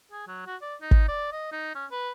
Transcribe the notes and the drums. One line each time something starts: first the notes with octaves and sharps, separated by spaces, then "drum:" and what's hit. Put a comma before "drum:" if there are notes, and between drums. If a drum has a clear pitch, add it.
G#4
F#3
F#4
D5
D#4
drum: kick
D5
D#5
D#4
C#4
B4